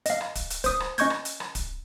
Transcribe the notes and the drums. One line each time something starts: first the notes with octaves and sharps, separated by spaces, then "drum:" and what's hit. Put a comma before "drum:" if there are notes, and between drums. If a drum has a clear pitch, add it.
D#5 F5, drum: hi-hat
drum: rim click
drum: kick D1, hi-hat
drum: hi-hat
C5 D#6, drum: kick D1, hi-hat
drum: rim click
C#4 D#5 C#6 G6 G#6, drum: hi-hat
drum: rim click
drum: hi-hat
drum: rim click
drum: kick D1, hi-hat